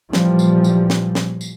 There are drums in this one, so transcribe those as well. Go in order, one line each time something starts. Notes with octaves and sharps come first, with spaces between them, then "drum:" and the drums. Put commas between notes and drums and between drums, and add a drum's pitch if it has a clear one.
A#2 E3 F3 G3, drum: snare
drum: tambourine
drum: tambourine
drum: snare
drum: snare
drum: tambourine